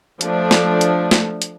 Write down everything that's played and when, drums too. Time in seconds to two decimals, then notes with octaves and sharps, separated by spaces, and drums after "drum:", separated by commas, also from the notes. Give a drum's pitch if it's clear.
0.21 F3 A3 D4, drum: hi-hat
0.51 drum: snare
0.81 drum: hi-hat
1.11 drum: snare
1.42 drum: hi-hat